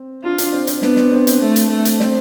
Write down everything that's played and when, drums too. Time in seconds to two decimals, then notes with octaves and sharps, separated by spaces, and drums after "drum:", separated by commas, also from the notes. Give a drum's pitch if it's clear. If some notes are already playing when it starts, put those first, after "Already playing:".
Already playing: C4
0.24 D4 F4
0.38 D4, drum: hi-hat
0.53 C4
0.67 C4, drum: hi-hat
0.82 B3 D4, drum: snare
0.96 C4, drum: snare
1.12 C4
1.27 C4, drum: hi-hat
1.41 A3
1.56 drum: hi-hat
1.70 A3
1.85 drum: hi-hat
2.00 C4, drum: snare